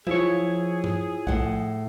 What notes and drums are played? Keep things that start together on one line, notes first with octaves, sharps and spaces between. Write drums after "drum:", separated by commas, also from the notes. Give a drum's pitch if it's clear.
F3 E4 G#4 C#5, drum: tom
drum: tom G2
A2 F#5, drum: kick B1